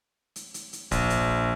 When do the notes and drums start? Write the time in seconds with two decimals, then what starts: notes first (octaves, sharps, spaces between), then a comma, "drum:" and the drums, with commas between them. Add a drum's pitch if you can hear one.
0.36 drum: hi-hat
0.54 drum: hi-hat
0.73 drum: hi-hat
0.91 A#1, drum: kick, hi-hat
1.10 drum: hi-hat